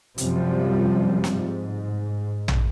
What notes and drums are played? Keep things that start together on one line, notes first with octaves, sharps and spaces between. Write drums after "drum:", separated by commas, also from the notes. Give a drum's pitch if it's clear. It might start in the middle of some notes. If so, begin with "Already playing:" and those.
F#2 C3 F3 G3, drum: hi-hat
drum: snare
G#2
drum: tom